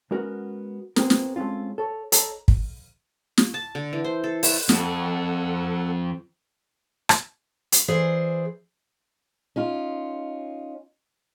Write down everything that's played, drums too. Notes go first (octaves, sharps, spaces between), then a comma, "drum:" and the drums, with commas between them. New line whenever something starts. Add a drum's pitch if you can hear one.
G#3 B3 C#4 F#4 A#4
B3 C4 G#4 A#4, drum: snare
drum: snare
G#3 A3 C4 C#4 F4
A4 C#5
A4 C#5 D#5 A#5, drum: hi-hat
drum: kick
drum: snare
A5
D3
E3
C5
A4
E4, drum: open hi-hat
F2 A4 F#5, drum: snare
drum: rim click
drum: hi-hat
E3 G#4 C5 D5
C#4 D#4 F4